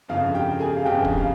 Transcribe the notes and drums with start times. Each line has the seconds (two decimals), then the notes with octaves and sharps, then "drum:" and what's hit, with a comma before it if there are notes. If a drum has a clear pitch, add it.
0.08 G1 F2 C#3 F4 F5
0.35 G4 G5
0.60 G#4 G#5
0.76 F5
0.85 G1 F2 C#3 G4 G5
1.05 drum: kick
1.17 F5